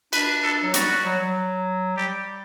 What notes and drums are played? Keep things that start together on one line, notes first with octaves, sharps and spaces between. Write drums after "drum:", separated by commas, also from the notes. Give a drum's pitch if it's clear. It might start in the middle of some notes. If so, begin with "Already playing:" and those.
D4 B4, drum: cymbal
A4
F#3
G3 F#4, drum: hi-hat
F#3
F#3
G3 G4